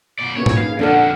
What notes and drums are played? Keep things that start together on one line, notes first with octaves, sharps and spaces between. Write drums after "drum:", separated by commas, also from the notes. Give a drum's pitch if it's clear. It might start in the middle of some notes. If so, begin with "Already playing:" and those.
B2 D5
A#2 C#3 B3 G#4 C#5 G#6
drum: tom G#2
D#4 F5
F2 D3 D4 A4 D5 F#5 F6